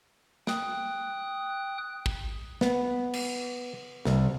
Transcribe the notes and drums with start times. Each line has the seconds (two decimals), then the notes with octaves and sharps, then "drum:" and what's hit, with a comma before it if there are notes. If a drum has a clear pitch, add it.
0.47 G5 D#6 F#6, drum: snare
2.06 drum: kick
2.61 B3, drum: snare
3.13 drum: cymbal
4.05 C2, drum: snare